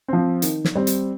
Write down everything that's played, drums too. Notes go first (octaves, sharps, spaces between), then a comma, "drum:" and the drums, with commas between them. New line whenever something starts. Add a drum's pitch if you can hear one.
F3 C4
D#3, drum: hi-hat
drum: snare
G3 C4
drum: hi-hat